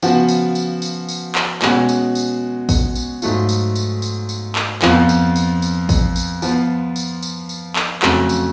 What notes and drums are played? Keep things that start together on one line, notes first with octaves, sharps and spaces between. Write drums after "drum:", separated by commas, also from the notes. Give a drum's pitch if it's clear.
C#3 F3 B3 F#4, drum: tambourine
drum: tambourine
drum: tambourine
drum: tambourine
drum: tambourine
drum: clap
B2 G#3 C#4 F#4, drum: clap
drum: tambourine
drum: tambourine
drum: kick A1, tambourine
drum: tambourine
G#2 F#3 A3 F4, drum: tambourine
drum: tambourine
drum: tambourine
drum: tambourine
drum: tambourine
drum: clap
F2 F3 B3 F4, drum: clap
drum: tambourine
drum: tambourine
drum: tambourine
drum: kick A1, tambourine
drum: tambourine
F3 B3 F4, drum: tambourine
drum: tambourine
drum: tambourine
drum: tambourine
drum: clap
F2 C#3 F#3 A3, drum: clap
drum: tambourine